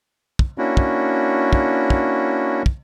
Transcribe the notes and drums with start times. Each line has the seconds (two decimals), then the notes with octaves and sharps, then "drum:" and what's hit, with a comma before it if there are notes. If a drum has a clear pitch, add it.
0.39 drum: kick
0.58 A#3 C#4 D4 E4 F#4
0.77 drum: kick
1.53 drum: kick
1.90 drum: kick
2.66 drum: kick